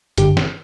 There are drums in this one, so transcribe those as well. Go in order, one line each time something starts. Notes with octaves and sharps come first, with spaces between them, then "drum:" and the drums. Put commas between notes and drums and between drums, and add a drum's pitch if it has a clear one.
G1 G2 D3 G4, drum: hi-hat
drum: snare